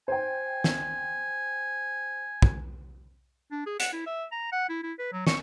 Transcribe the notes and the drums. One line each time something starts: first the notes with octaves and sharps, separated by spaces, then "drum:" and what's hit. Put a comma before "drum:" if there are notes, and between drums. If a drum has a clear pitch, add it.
C5 G5 G#5
drum: snare
drum: kick
D4
G#4
F#5, drum: hi-hat
E4
E5
A#5
F#5
E4
E4
B4
F#3
C#6, drum: snare